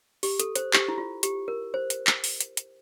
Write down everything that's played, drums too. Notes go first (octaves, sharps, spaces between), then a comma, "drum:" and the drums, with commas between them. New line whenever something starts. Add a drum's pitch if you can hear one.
G4, drum: open hi-hat
A4, drum: hi-hat
C5, drum: hi-hat
G4, drum: clap
E4
F4
G4, drum: hi-hat
A#4
C5
drum: hi-hat
drum: clap
drum: open hi-hat
drum: hi-hat
drum: hi-hat